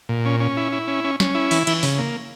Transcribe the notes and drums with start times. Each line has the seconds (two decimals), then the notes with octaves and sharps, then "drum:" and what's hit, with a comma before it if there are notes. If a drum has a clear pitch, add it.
0.09 A#2
0.25 C#4
0.40 C#4
0.57 E4
0.72 E4
0.87 C#4
1.04 C#4
1.20 C#4, drum: snare
1.35 E4
1.51 E3, drum: open hi-hat
1.67 E3, drum: cymbal
1.83 C#3, drum: open hi-hat
1.98 A#3